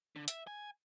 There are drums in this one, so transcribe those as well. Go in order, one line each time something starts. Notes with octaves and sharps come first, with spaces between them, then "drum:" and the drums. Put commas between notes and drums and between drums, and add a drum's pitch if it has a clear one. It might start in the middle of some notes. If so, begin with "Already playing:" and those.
D3
E5, drum: hi-hat
G#5